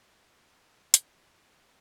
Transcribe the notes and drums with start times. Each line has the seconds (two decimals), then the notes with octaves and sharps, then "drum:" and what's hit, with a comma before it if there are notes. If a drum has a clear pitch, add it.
0.22 A#3 D#4 G4 C5
0.58 C5
0.94 C4 D#4 A4 D5, drum: hi-hat
1.13 F5
1.24 F5
1.30 G5
1.48 G5